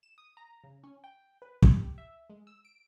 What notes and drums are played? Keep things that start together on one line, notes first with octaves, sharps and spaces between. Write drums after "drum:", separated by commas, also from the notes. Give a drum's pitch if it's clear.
E7
D#6
A#5
C#3
C#4
G5
B4
G4, drum: kick
E5
G#3
E6
D7